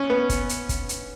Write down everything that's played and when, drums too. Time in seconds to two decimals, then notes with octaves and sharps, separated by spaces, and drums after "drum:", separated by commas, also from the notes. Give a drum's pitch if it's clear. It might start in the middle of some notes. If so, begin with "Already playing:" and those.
Already playing: C#4
0.10 B3
0.29 drum: kick, hi-hat
0.49 drum: hi-hat
0.69 drum: kick, hi-hat
0.89 drum: hi-hat